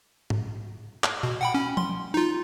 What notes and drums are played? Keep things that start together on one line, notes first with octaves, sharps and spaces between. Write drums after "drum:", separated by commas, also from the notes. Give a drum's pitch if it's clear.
drum: tom G#2
drum: clap
B2
F#5 G5 B5
C#4
C6, drum: tom F3
D#4 F4